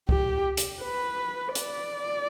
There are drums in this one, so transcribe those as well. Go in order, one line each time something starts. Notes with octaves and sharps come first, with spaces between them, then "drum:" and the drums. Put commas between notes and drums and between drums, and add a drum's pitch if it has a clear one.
G4, drum: kick
drum: hi-hat
B4
D5, drum: hi-hat